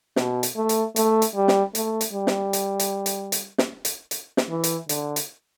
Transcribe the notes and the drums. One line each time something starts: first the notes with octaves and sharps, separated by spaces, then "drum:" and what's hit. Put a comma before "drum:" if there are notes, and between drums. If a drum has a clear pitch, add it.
B2, drum: snare
drum: hi-hat
A3
drum: hi-hat
A3, drum: hi-hat
drum: hi-hat
G3
drum: snare
A3, drum: hi-hat
drum: hi-hat
G3
drum: snare
drum: hi-hat
drum: hi-hat
drum: hi-hat
drum: hi-hat
drum: snare
drum: hi-hat
drum: hi-hat
drum: snare
E3
drum: hi-hat
D3, drum: hi-hat
drum: hi-hat